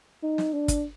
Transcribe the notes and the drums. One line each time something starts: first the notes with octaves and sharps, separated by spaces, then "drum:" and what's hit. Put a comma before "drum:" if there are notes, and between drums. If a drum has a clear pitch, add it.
D#4
drum: snare
D4
drum: kick, hi-hat